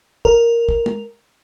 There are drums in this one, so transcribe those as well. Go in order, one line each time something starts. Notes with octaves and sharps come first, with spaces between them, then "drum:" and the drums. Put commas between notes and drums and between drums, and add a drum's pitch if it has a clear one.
A#4, drum: kick
drum: kick
drum: tom